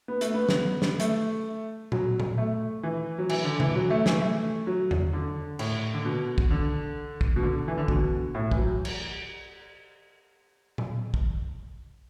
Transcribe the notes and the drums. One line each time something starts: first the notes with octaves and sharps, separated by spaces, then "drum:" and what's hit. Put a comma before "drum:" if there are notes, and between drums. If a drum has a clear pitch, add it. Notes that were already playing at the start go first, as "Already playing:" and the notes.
B3
A3, drum: hi-hat
B3
drum: snare
drum: snare
A3, drum: hi-hat
F#3, drum: tom A#2
drum: tom A#2
A3
E3
F#3
E3, drum: cymbal
D3
E3, drum: tom C3
F#3
A3
E3, drum: snare
A3
F#3
drum: tom E2
D3
A2, drum: cymbal
D3
B2
drum: kick
D3
drum: kick
B2
D3
E3
D3
B2, drum: kick
A2
E3, drum: kick
F#3
drum: cymbal
drum: tom A#2
drum: kick